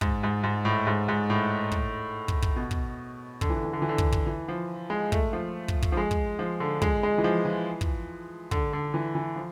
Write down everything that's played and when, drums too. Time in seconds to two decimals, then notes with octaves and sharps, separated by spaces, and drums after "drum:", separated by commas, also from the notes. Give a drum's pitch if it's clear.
0.01 G#2, drum: kick
0.23 G#2
0.43 G#2
0.65 A2
0.87 G#2
1.08 G#2
1.30 A2
1.72 drum: kick
2.28 drum: kick
2.42 drum: kick
2.56 B2
2.71 drum: kick
3.41 D3, drum: kick
3.50 E3
3.57 D3
3.65 E3
3.73 D3
3.82 E3
3.89 D3
3.98 drum: kick
4.12 drum: kick
4.27 E3
4.48 F3
4.90 G#3
5.12 A3, drum: kick
5.33 F3
5.68 drum: kick
5.82 drum: kick
5.92 F3
5.97 G#3
6.11 drum: kick
6.39 F3
6.60 D3
6.82 G#3, drum: kick
7.03 G#3
7.18 E3
7.24 F3
7.45 E3
7.81 drum: kick
8.51 D3, drum: kick
8.73 D3
8.94 E3
9.15 E3
9.36 F3